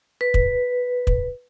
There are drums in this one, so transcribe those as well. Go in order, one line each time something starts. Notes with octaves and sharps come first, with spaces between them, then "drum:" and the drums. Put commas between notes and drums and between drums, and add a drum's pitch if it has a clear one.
B4
drum: kick
drum: kick